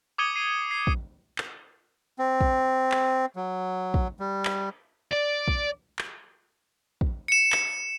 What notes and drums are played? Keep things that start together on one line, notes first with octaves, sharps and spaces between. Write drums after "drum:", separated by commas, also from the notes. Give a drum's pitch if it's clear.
D6 D#6 G#6 C#7 D#7 G7
C7 D#7
C7
drum: kick
drum: clap
C4
drum: kick
drum: clap
F#3
drum: kick
G3
drum: clap
D5
drum: kick
drum: clap
drum: kick
C#7 E7
drum: clap